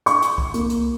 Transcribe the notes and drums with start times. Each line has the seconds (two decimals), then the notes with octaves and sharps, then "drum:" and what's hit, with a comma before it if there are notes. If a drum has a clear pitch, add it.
0.06 C#6, drum: hi-hat
0.22 drum: hi-hat
0.38 drum: kick C2
0.54 A#3, drum: hi-hat
0.70 drum: hi-hat